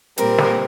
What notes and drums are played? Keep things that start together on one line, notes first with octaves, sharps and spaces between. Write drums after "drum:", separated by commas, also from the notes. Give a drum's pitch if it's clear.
A#2 G3 C4 A#4, drum: hi-hat
drum: snare